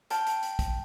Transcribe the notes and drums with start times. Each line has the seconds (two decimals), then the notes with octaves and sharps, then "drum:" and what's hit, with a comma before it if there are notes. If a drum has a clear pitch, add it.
0.10 G5 A5 F6, drum: hi-hat
0.27 drum: hi-hat
0.43 drum: hi-hat
0.59 drum: kick, hi-hat